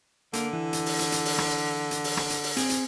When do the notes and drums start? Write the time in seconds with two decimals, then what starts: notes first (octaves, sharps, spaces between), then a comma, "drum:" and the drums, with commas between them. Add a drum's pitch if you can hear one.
0.33 D3 A#3, drum: hi-hat
0.53 E3
0.73 drum: hi-hat
0.86 drum: open hi-hat
0.99 drum: hi-hat
1.12 drum: hi-hat
1.25 drum: open hi-hat
1.38 drum: rim click
1.91 drum: hi-hat
2.04 drum: open hi-hat
2.17 drum: rim click
2.30 drum: hi-hat
2.43 drum: open hi-hat
2.57 C4 G#4, drum: hi-hat
2.70 drum: hi-hat